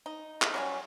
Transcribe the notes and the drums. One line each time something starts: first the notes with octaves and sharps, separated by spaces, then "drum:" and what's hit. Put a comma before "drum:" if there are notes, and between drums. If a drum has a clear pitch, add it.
D#4
drum: clap
F#3 G3 C#4